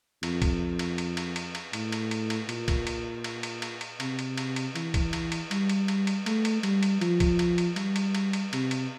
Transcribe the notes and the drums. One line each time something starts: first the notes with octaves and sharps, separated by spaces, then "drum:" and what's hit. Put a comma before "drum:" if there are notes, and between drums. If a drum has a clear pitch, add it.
F2, drum: cymbal
drum: kick B1, cymbal
drum: cymbal
drum: cymbal
drum: cymbal
drum: cymbal
drum: cymbal
A2, drum: cymbal
drum: cymbal
drum: cymbal
drum: cymbal
A#2, drum: cymbal
drum: kick B1, cymbal
drum: cymbal
drum: cymbal
drum: cymbal
drum: cymbal
drum: cymbal
C3, drum: cymbal
drum: cymbal
drum: cymbal
drum: cymbal
E3, drum: cymbal
drum: kick B1, cymbal
drum: cymbal
drum: cymbal
G3, drum: cymbal
drum: cymbal
drum: cymbal
drum: cymbal
A3, drum: cymbal
drum: cymbal
G3, drum: cymbal
drum: cymbal
F3, drum: cymbal
drum: kick B1, cymbal
drum: cymbal
drum: cymbal
G3, drum: cymbal
drum: cymbal
drum: cymbal
drum: cymbal
C3, drum: cymbal
drum: cymbal